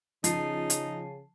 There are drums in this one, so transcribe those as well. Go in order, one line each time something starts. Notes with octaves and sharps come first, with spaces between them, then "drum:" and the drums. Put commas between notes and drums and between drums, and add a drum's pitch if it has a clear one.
C#3 F3 D#4 A5 C7, drum: hi-hat
drum: hi-hat